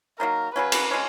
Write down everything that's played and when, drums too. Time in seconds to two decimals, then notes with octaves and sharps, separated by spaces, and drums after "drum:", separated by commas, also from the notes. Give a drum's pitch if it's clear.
0.19 D#3 F#3 A#3 A#4
0.55 C#3 F#3 C#4 B4
0.72 drum: cymbal
0.91 G#3 C#4